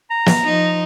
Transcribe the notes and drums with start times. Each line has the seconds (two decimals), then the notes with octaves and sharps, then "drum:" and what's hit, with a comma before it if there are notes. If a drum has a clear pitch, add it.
0.11 A#5
0.26 drum: snare
0.44 F3 D#4